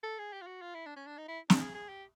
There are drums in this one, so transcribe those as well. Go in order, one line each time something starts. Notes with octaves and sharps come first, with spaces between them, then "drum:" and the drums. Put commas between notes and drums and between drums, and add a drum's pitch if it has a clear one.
A4
G#4
G4
F4
F#4
F4
E4
D4
C#4
D4
D#4
E4
D4, drum: snare
G#4
G#4
G4